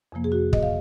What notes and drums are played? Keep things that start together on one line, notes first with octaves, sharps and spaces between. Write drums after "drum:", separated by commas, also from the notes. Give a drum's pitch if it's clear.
F2 C3 F3 A#3
G#4
F#4
D#5, drum: kick
F5